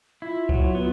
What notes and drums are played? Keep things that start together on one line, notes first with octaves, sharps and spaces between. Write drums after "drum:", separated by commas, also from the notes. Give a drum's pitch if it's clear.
E4 F4
F#3, drum: kick C2
B3